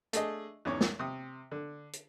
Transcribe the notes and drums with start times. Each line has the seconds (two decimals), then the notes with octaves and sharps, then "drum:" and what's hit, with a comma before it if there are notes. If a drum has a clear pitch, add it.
0.13 A3 D4 G#4 D#5, drum: hi-hat
0.65 E2 G#2 C#4 C#5 D6
0.81 drum: snare
0.99 C3 D#6
1.52 D3
1.93 drum: hi-hat